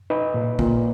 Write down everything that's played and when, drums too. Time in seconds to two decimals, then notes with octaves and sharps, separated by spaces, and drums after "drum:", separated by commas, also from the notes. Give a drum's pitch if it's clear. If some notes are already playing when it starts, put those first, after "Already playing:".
0.10 D#4 B4
0.34 A#2
0.59 A#2, drum: kick A1